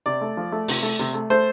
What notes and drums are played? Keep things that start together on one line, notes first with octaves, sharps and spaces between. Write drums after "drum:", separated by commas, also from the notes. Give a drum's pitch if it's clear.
C3 D5
A3
F3
A3
C3, drum: open hi-hat
A3
C3
A3
A3 C5